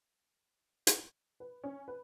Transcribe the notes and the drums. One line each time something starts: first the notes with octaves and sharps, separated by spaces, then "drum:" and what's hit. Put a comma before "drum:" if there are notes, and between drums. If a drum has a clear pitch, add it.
drum: hi-hat
B4
C#4
B4